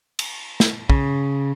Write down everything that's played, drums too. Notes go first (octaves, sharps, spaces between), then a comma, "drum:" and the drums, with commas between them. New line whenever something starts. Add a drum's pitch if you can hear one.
drum: cymbal
drum: snare
C#3, drum: kick